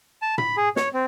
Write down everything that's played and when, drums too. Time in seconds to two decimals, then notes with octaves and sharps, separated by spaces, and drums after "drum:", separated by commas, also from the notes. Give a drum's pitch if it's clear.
0.22 A5
0.38 B5, drum: tom
0.57 G#4
0.76 C#5, drum: snare
0.94 C4